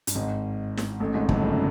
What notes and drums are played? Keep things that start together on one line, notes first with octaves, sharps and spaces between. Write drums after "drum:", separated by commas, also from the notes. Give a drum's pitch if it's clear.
G2, drum: hi-hat
G#1 G#2
drum: snare
A1 A2
G#1 G#2
G1 G2, drum: kick
F#1 F#2